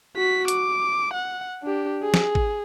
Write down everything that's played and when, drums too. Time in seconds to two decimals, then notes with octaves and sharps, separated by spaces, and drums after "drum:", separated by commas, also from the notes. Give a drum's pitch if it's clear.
0.17 F#4 B6
0.48 D6, drum: hi-hat
1.14 F#5
1.63 D4 G4
2.02 G#4
2.14 drum: snare
2.35 drum: kick